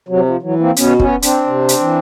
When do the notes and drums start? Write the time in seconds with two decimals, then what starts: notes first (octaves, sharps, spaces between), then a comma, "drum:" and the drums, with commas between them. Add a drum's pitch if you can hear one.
0.08 C3 F#3
0.25 F3
0.42 E3 F#3
0.59 A#3 C4
0.76 B2 B3 C#4, drum: hi-hat
1.00 B3 C#4, drum: kick
1.22 C4 D4, drum: hi-hat
1.46 C3
1.69 drum: hi-hat
1.80 E3